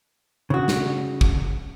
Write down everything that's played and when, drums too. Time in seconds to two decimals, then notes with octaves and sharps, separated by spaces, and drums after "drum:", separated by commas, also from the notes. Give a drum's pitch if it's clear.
0.50 C#3 F#4
0.68 drum: snare
1.21 drum: kick